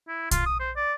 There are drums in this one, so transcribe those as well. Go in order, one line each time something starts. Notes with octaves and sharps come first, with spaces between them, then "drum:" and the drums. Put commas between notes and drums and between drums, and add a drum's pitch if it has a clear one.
E4
F4, drum: kick, hi-hat
D#6
C5
D5